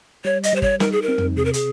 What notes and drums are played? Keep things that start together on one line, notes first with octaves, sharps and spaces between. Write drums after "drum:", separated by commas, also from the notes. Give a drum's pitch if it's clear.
G3 C#5
D#5, drum: hi-hat
G3 C5
C#5, drum: kick
D#4 A#4, drum: snare
G#4
A#4
C4
drum: tom
C3 G#4
A#4
G#4, drum: hi-hat